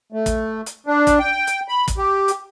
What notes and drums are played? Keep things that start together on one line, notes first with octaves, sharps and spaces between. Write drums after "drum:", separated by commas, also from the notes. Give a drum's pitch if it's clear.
A3
drum: kick, hi-hat
drum: hi-hat
D4
drum: kick, hi-hat
G5
drum: hi-hat
B5
drum: kick, hi-hat
G4
drum: hi-hat